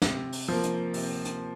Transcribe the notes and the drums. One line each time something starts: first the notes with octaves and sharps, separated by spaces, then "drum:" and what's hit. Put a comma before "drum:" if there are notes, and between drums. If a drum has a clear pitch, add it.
C3, drum: snare
drum: open hi-hat
F3 A#3
drum: hi-hat
C3, drum: open hi-hat
drum: hi-hat